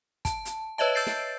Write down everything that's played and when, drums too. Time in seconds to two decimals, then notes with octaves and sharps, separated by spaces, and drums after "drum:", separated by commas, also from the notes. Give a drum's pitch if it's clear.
0.25 A5, drum: kick, hi-hat
0.45 drum: hi-hat
0.78 B4 C#5 D#5 E5 A5
0.95 E6 G6 A6 C7 D7
1.07 drum: snare